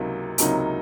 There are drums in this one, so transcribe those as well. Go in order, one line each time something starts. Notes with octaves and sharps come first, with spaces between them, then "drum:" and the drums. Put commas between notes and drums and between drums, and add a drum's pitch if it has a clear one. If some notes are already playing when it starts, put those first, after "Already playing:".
Already playing: C#2 C3 F#3 A#3 D#4
C#2 C3 F#3 A#3 D#4, drum: hi-hat